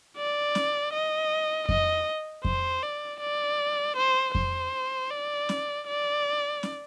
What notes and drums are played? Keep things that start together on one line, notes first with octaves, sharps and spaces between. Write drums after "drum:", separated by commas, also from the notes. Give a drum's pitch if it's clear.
D5
drum: snare C#4
D#5
D#5, drum: kick F2
C5, drum: kick F2
D5
D5
C5
C5, drum: kick F2
D5
drum: snare C#4
D5
drum: snare C#4